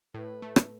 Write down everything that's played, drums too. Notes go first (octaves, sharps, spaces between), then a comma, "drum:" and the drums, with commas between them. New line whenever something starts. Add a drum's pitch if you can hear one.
A2 B4
A3
drum: rim click